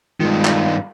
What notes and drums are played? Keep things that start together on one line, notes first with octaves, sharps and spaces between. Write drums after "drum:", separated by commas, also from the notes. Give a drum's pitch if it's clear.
G2 D#3 G#3 F4
drum: clap